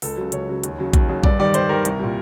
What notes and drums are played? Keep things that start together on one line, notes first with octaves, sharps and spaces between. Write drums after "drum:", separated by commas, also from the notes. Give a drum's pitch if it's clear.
C#2 A4, drum: open hi-hat
C#3 F#3
C#2 C#5, drum: hi-hat
C#3 F#3
D#2, drum: hi-hat
C#3 F#3
D#2, drum: kick A#1, hi-hat
C#3 F#3
G2 D5, drum: kick A#1
D#3 G3 D5
G2 C5, drum: hi-hat
D#3 G3 A#4
C2, drum: hi-hat
A#2 G3